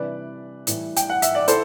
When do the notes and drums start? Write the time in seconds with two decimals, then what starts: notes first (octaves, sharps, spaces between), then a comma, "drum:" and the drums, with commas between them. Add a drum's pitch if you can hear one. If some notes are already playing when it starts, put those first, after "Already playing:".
Already playing: C3 E3 G3 D4 B4 D5
0.67 A2 E3 G3, drum: hi-hat
0.96 G5, drum: hi-hat
1.10 F#5
1.22 E5, drum: hi-hat
1.35 D5
1.48 E4 A4 C5, drum: hi-hat